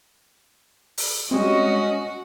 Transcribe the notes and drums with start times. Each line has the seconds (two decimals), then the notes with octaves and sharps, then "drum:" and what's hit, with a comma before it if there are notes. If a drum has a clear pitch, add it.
0.98 drum: open hi-hat
1.31 G3 G#3 C4 C#4 F#4 D#5